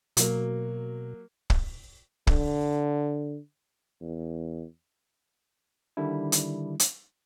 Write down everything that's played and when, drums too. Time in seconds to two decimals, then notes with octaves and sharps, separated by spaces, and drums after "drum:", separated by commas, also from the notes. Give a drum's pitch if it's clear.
0.17 B2 F#3 A#3, drum: hi-hat
1.50 drum: kick
2.27 D3, drum: kick
4.02 E2
5.97 D3 D#3 G3 D4 E4
6.32 drum: hi-hat
6.80 drum: hi-hat